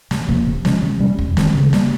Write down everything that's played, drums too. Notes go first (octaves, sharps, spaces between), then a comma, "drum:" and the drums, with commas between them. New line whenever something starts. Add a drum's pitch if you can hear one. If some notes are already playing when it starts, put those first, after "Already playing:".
C3, drum: snare
F3 A#3, drum: kick
C3
F3 G#3 C#4, drum: snare
C3
G3 C#4
F2, drum: kick
D#3 G#3 C4, drum: snare
C#3
G3 A#3, drum: snare